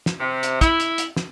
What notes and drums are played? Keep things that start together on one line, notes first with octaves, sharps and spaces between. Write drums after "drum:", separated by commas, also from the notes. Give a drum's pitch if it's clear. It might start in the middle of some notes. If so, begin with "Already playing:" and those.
drum: snare
C3
drum: hi-hat
E4, drum: kick, hi-hat
drum: hi-hat
drum: hi-hat
drum: snare